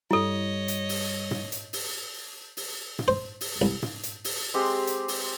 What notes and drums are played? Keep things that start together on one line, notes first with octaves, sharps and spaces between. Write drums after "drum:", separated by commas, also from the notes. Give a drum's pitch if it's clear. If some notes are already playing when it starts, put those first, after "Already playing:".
G2 G3 E4 A4 C#5 D#5
drum: hi-hat
drum: open hi-hat
drum: tom
drum: hi-hat
drum: open hi-hat
drum: open hi-hat
drum: tom
C5
drum: open hi-hat
C2
drum: tom
drum: hi-hat
drum: open hi-hat
G#3 C4 G4
drum: hi-hat
drum: open hi-hat